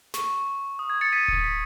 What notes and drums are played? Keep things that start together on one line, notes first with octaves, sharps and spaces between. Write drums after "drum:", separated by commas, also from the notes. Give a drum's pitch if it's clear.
C#6, drum: snare
D#6
G#6
A6 C#7
B6 D#7
drum: kick D1
B6